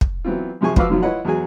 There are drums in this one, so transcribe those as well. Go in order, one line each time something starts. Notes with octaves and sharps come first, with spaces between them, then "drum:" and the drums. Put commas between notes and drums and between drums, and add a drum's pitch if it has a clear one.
drum: kick
E3 F#3 B3 C4 F4
F#2 C3 F3 G#4 G#5 C#6
F3 F#4 B4 F5 D6 E6, drum: kick
F#2 B2 D#3 F3 F#3 F4
E4 F4 B4 C#5 D#5 F#5
E2 F#3 F#4 G#4 G#5